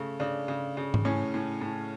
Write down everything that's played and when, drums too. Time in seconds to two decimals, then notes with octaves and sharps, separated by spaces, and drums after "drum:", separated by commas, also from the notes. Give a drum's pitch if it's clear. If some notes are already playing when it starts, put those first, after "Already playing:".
Already playing: C#3 A3
0.20 C#3 D4
0.48 C#3
0.77 C#3
0.94 drum: tom G#2
1.05 A2 C#4
1.34 A2
1.62 A2